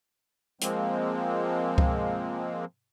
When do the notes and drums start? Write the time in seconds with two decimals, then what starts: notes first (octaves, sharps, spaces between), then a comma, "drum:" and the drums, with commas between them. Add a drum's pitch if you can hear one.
0.61 F3 G#3 A#3 C4, drum: hi-hat
1.78 drum: kick C#2